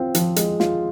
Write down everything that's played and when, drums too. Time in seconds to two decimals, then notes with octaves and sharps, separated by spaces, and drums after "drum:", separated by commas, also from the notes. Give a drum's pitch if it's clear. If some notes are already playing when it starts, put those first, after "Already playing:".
Already playing: C4 F4
0.15 F3, drum: hi-hat
0.36 G#3, drum: hi-hat
0.60 F4, drum: snare